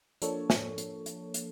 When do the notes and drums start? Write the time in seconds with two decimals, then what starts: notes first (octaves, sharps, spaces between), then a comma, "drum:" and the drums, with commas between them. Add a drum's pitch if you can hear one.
0.22 F3 A#3 D4 A4 C#5, drum: hi-hat
0.50 drum: snare
0.78 drum: hi-hat
1.06 drum: hi-hat
1.34 drum: hi-hat